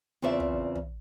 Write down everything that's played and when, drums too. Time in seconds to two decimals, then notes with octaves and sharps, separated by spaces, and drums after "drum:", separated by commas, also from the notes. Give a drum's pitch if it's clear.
0.22 E2 C#3 C4 F4 D5 E5
0.40 drum: tom
0.76 drum: tom